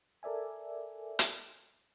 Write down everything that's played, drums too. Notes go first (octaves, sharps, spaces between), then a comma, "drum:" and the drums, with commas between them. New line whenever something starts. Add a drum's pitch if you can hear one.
A4 A#4 D5 E5 G#5
drum: hi-hat